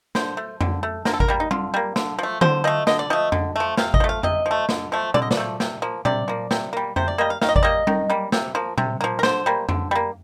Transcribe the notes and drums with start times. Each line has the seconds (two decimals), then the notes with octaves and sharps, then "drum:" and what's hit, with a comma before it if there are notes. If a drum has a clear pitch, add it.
0.15 D3 C5, drum: snare
0.37 A3
0.61 D3, drum: tom F2
0.83 A3
1.05 D3 A#4, drum: snare
1.14 A4
1.20 A#4, drum: kick G#1
1.28 G3 A#3
1.40 D#4
1.51 D3 F4, drum: tom G3
1.74 G3 A#3
1.96 D3, drum: snare
2.19 F3 A3
2.41 D3 C5, drum: tom D3
2.64 F3 A3 D#5
2.87 D3 D#5, drum: snare
2.99 D5
3.10 F3 A3 D#5
3.32 D3, drum: tom F2
3.56 F3 A3
3.77 C3 F5, drum: snare
3.94 D#5, drum: kick G#1
4.00 F3 A3
4.09 F5
4.23 C3 D#5, drum: tom F2
4.46 F3
4.51 A3
4.69 D3, drum: snare
4.92 F3 A3
5.14 D3 D5, drum: tom A#2
5.22 D#5
5.31 D5, drum: snare
5.37 F3 A3
5.60 C3, drum: snare
5.82 F3 A#3
6.05 C3 D5, drum: tom A#2
6.28 F3 A#3
6.51 C3, drum: snare
6.73 G3 A#3
6.96 C3 C5, drum: tom F2
7.08 D5
7.18 G3 A#3 D#5
7.30 F5
7.41 D#3 F5, drum: snare
7.49 D#5
7.56 D5, drum: kick G#1
7.63 G3 A#3 D#5
7.87 D#3, drum: tom G3
8.10 G3 A#3
8.32 C3, drum: snare
8.55 F3 A#3
8.78 C3, drum: tom A#2
9.01 F3 A#3
9.19 A#4
9.23 D3 C5, drum: snare
9.46 G3 A#3
9.69 D3, drum: tom F2
9.91 G3 A#3